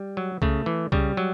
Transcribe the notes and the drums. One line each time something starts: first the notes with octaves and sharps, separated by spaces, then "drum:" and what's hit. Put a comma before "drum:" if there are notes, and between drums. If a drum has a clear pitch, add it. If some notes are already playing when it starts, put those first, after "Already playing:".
Already playing: G3
F#3
C#3 A3, drum: kick C2
E3
C#3 G3, drum: kick C2
F#3